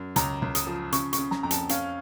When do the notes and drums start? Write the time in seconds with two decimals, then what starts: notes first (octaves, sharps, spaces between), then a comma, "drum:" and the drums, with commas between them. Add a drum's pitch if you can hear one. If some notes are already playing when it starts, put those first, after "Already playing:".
Already playing: F#2
0.16 C#2 A#5, drum: hi-hat
0.42 C#2
0.55 D#6, drum: hi-hat
0.67 F3
0.92 C#3 C#6, drum: hi-hat
1.13 C#6, drum: hi-hat
1.18 C#3
1.31 A#5, drum: snare
1.43 F2 A#5
1.51 A5, drum: hi-hat
1.69 C#4 F5, drum: hi-hat